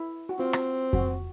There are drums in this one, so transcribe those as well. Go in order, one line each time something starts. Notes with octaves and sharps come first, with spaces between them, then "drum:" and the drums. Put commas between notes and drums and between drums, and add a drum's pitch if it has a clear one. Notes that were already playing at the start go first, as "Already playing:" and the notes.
Already playing: E4
F#4
C4 F4
drum: rim click
F#4, drum: kick F2